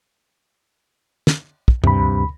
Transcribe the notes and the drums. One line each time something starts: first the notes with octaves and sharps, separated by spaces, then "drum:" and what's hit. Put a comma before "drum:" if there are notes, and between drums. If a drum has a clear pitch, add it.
drum: snare
drum: kick
D2 G2 C3 B5, drum: tom